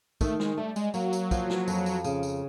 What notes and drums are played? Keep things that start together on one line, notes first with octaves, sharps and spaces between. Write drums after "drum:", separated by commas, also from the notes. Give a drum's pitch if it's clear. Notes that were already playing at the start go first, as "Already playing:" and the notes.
D#3 A3, drum: kick, tambourine
G#3, drum: snare
G3 A3
G#3, drum: tambourine
F#3 A#3, drum: tambourine
drum: tambourine
F3, drum: kick, tambourine
drum: snare
F2, drum: tambourine
drum: tambourine
C#3, drum: tambourine
drum: tambourine